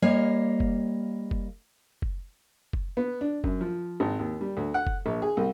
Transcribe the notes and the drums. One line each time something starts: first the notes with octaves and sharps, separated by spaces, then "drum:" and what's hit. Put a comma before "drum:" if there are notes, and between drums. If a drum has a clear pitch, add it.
G3 A#3 C#5 D#5 F5
drum: kick F#1
drum: kick F#1
drum: kick F#1
drum: kick F#1
B3
D4
F#2, drum: kick F#1
F3
G#1
D#2
G3
D2
F#5
drum: kick F#1
A#1
G#4
C2